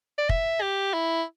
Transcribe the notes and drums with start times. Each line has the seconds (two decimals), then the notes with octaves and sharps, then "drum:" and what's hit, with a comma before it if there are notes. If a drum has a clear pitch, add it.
0.18 D5
0.29 E5, drum: kick
0.61 G4
0.94 E4